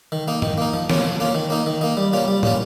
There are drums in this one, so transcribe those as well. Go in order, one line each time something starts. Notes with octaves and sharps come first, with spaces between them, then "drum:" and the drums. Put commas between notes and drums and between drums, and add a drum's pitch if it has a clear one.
D#3
A#3 D#4
D#3, drum: tom
A#3 D#4
F3
A#3 C#4 F4, drum: snare
F3
A#3 C#4 F4
D#3
A#3 D#4
D#3
A#3 D#4
G3
A#3 C#4 F4
G3
A#3 C#4 F4, drum: tom